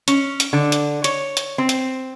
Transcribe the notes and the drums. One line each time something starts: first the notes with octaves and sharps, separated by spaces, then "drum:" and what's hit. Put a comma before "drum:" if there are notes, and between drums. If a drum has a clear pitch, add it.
C#4, drum: hi-hat
drum: hi-hat
D3
drum: hi-hat
C#5, drum: hi-hat
drum: hi-hat
C4
drum: hi-hat